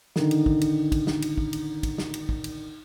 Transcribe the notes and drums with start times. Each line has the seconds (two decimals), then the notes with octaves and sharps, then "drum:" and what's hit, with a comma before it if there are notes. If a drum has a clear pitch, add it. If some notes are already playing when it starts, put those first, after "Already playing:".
0.16 D3 D#3, drum: snare
0.31 drum: cymbal
0.46 drum: kick
0.61 drum: cymbal
0.92 drum: kick, cymbal
1.07 drum: snare
1.22 drum: cymbal
1.38 drum: kick
1.53 drum: cymbal
1.83 drum: kick, cymbal
1.98 drum: snare
2.14 drum: cymbal
2.29 drum: kick
2.44 drum: cymbal